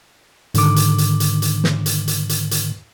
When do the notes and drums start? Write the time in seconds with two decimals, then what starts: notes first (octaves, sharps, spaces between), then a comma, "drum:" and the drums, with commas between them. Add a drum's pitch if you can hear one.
0.54 G#2 D3 D#3 D6, drum: hi-hat
0.76 drum: hi-hat
0.98 drum: hi-hat
1.20 drum: hi-hat
1.42 drum: hi-hat
1.64 drum: snare
1.86 drum: hi-hat
2.08 drum: hi-hat
2.29 drum: hi-hat
2.51 drum: hi-hat